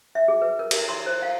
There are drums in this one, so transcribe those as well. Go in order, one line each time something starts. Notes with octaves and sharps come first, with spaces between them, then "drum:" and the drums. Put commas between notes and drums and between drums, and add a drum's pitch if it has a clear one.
E5
G#4
B4
A#4
A#4, drum: cymbal
C6
C5
F5